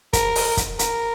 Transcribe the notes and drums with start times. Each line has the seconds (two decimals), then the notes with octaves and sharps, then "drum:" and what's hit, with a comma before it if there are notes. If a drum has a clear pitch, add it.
0.13 A#4, drum: kick, hi-hat
0.35 drum: open hi-hat
0.57 drum: kick, hi-hat
0.79 A#4, drum: hi-hat